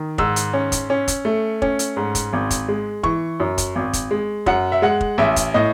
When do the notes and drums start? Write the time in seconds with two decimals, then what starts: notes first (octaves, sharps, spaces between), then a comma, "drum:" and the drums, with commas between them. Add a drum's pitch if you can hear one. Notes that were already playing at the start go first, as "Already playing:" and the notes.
Already playing: D#3
0.18 G#2 E6, drum: kick
0.36 drum: hi-hat
0.54 C#4
0.72 drum: kick, hi-hat
0.90 C#4
1.08 drum: kick, hi-hat
1.25 A3
1.62 C#4, drum: kick
1.79 drum: hi-hat
1.97 G#2
2.15 drum: kick, hi-hat
2.33 G#1
2.51 drum: kick, hi-hat
2.68 G#3
3.03 E3 C#6, drum: kick
3.40 F#2
3.58 drum: kick, hi-hat
3.75 G#1
3.93 drum: kick, hi-hat
4.11 G#3
4.46 F#2 F#5, drum: kick
4.72 E5
4.82 G#3 F#5
5.01 drum: kick
5.18 A1 E5
5.36 drum: kick, hi-hat
5.54 A2 D#5